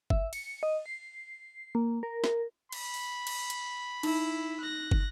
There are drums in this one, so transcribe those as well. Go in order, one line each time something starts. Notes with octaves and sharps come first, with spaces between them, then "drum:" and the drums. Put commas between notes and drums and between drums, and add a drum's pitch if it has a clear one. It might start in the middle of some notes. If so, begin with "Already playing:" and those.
E5, drum: kick
C#7, drum: cymbal
D#5
C7
A#3
A#4
drum: snare
B5, drum: cymbal
drum: open hi-hat
drum: cymbal
drum: hi-hat
D#4 E4, drum: cymbal
F#6 A#6
drum: kick